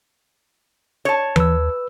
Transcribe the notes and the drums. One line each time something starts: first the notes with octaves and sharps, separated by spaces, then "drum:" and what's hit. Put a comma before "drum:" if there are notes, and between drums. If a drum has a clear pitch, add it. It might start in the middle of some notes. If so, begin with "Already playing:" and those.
C#5 A5
D#2 B4 E6, drum: tom E3